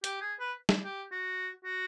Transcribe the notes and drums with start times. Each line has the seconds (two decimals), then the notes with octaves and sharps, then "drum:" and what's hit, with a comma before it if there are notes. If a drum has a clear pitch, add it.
0.04 G4, drum: hi-hat
0.21 G#4
0.40 B4
0.69 drum: snare G3
0.84 G4
1.12 F#4
1.65 F#4